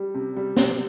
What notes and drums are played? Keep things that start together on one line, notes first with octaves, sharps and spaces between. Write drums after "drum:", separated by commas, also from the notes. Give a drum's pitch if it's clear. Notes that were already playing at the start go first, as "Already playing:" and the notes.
Already playing: G3
C3
G3
C3, drum: snare